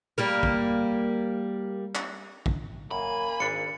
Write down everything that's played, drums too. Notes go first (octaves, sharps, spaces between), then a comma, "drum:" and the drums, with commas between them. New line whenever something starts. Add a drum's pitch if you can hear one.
G3 A#3 A#4
drum: kick
drum: clap
drum: kick
F#2 A#3 G#5 B5
G#1 D4 C#7